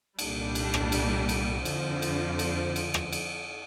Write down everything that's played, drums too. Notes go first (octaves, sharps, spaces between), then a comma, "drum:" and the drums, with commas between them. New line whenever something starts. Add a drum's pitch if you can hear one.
C2 A#2 G3 D4, drum: cymbal
drum: cymbal
drum: rim click
drum: cymbal
drum: cymbal
F2 D3 F3, drum: cymbal
drum: cymbal
drum: cymbal
drum: cymbal
drum: rim click
drum: cymbal